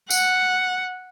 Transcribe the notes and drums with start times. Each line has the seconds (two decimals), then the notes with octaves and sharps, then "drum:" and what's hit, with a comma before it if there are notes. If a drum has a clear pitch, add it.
0.10 F#5, drum: tambourine